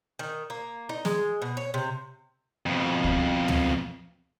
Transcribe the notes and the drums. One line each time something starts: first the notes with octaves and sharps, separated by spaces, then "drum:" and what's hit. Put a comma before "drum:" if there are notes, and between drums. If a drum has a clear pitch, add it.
D#3
A#3
D#4
G#3, drum: snare
B2
C#5
C3
F2 B2
drum: kick C#2
drum: tom